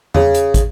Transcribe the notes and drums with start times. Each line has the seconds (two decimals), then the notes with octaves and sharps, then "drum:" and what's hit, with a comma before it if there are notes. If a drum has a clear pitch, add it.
0.15 C#3, drum: tom E2
0.34 drum: hi-hat
0.54 drum: kick, hi-hat